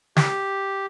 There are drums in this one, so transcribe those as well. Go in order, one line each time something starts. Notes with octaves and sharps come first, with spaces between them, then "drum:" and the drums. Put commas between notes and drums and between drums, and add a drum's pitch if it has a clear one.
G4, drum: snare